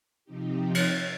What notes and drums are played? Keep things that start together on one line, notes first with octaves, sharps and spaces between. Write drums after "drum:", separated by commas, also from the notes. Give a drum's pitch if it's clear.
C3 F3 C4 D#4 G4
drum: cymbal